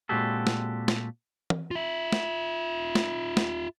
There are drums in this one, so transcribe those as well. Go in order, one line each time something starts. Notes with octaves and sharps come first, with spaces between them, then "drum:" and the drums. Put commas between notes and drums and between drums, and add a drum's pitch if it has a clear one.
A#2 G#3 C4 F#4 G4 A4
drum: snare
drum: snare
drum: tom
F4 E5
drum: snare
drum: snare
drum: snare